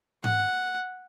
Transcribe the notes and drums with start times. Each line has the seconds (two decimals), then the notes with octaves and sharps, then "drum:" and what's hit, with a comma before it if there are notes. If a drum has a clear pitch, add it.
0.24 F#5, drum: tom G#2